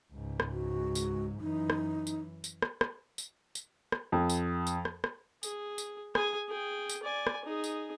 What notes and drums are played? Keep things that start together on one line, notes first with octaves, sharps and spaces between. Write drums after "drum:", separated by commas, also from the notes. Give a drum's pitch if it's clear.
C#2 G#2
drum: rim click
F#4
drum: tambourine
F#2 E3 D#4
drum: rim click
drum: tambourine
drum: tambourine
drum: rim click
drum: rim click
drum: tambourine
drum: tambourine
drum: rim click
F2
drum: tambourine
drum: tambourine
drum: rim click
drum: rim click
G#4, drum: tambourine
drum: tambourine
G#4 G#5, drum: rim click
G#4 G5
drum: tambourine
D5 G#5
drum: rim click
D#4 G#4
drum: tambourine